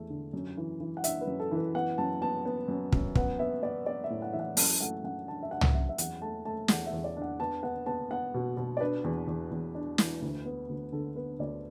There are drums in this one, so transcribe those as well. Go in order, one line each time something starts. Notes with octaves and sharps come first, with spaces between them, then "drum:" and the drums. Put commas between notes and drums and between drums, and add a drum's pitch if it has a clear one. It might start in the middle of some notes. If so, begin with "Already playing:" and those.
Already playing: E2 A3
D3
F#2
E3
E3
F#5
D4 E5, drum: hi-hat
B4
F#2
A4
E3
B4
B3 F#5
F#2 A5
B3 A5
B3
F#2
F#2, drum: kick
B3 F#5, drum: kick
B3 E5
B3 D5
B3 D5
E5
A2
F#5
E3 E5
F#5
F#2 A5, drum: open hi-hat
A3 F#5
F#2 F#5
D4 A5
E5
D4 F#5
drum: tom
F#2 E5
E5
E2 F#5, drum: hi-hat
A3 A5
A3 A5
E2 F#5, drum: snare
E5
E2
D5
D4
F#5
B3 A5
B3 F#5
B3 A5
B3 F#5
B2
B2
D5
D4 B4
E2
E2
E2
D4
E3, drum: snare
D2
B3
D2
D3 A4
B3 B4
D2 D5